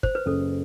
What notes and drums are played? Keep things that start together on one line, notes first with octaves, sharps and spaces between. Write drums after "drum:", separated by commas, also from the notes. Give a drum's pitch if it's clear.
C5, drum: kick
B4
F#1 A4